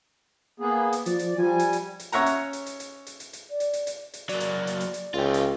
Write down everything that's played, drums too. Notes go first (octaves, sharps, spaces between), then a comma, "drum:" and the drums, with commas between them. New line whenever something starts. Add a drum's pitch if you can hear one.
A#3 B3 G#4
drum: hi-hat
F3 D5, drum: hi-hat
drum: hi-hat
F3 G3 G#5
drum: hi-hat
drum: hi-hat
drum: hi-hat
C#4 C#5 E5 F#5 A#5, drum: hi-hat
drum: hi-hat
drum: hi-hat
drum: hi-hat
drum: hi-hat
drum: hi-hat
drum: hi-hat
drum: hi-hat
D5
drum: hi-hat
drum: hi-hat
drum: hi-hat
drum: hi-hat
F#3 A#3 D5, drum: hi-hat
drum: hi-hat
drum: hi-hat
drum: hi-hat
drum: hi-hat
C#2 F4 G4
drum: hi-hat